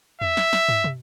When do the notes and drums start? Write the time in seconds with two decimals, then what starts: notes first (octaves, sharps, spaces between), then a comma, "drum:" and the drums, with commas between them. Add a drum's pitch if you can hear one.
0.21 E5, drum: tom E2
0.37 drum: snare
0.53 drum: snare
0.69 drum: tom
0.84 drum: tom